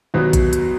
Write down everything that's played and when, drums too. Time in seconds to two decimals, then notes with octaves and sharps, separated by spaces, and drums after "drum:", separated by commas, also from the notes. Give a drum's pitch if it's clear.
0.14 C2 B2 D#3 F#3 B3
0.33 drum: kick A#1, hi-hat
0.53 drum: hi-hat